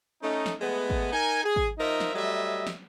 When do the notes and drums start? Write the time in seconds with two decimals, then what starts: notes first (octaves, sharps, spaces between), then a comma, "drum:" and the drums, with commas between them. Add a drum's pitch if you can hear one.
0.22 A3 C#4 D#4
0.46 drum: snare
0.61 G#3 A3 B3
0.90 drum: kick G#1
1.12 D#4 A#4 G#5
1.44 G#4
1.56 drum: kick G#1
1.78 F3 D#4 A#4 D#5 E5
2.00 drum: snare
2.14 F#3 G3 A3 D#5 E5
2.67 drum: snare